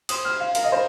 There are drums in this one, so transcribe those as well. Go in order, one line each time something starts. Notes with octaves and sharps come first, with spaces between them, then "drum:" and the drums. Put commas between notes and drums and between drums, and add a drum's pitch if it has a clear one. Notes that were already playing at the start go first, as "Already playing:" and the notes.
C5 D#6, drum: cymbal
F6
F5
A#4 F5, drum: cymbal
D#5
C5